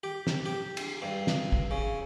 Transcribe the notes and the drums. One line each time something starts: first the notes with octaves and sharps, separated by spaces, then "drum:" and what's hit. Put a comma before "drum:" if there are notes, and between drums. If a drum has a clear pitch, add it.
G4
drum: snare
G4
drum: cymbal
G2
drum: snare
drum: kick
C#3